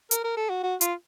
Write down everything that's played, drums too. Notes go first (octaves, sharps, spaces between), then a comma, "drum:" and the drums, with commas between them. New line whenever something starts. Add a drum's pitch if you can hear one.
A#4, drum: hi-hat
A#4
A4
F#4
F#4
F4, drum: hi-hat